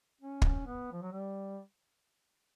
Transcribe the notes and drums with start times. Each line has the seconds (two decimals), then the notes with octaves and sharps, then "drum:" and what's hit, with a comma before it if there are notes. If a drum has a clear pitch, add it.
0.21 C#4
0.42 drum: kick
0.67 B3
0.92 F3
1.02 F#3
1.12 G3